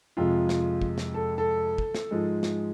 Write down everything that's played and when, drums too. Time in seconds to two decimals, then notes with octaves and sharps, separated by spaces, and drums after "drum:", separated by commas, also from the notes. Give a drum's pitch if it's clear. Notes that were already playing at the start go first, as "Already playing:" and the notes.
0.17 F2 C3 G#3 F4
0.49 drum: snare
0.82 drum: kick
0.98 drum: snare
1.14 A4
1.38 A4
1.78 drum: kick
1.95 drum: snare
2.11 G#2 F3 G#3
2.43 drum: snare